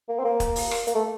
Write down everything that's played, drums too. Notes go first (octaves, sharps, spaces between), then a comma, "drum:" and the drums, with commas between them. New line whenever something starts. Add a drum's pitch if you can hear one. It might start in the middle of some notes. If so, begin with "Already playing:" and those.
A#3
C4
A#3
drum: kick, hi-hat
drum: open hi-hat
drum: rim click
A#3, drum: hi-hat
A3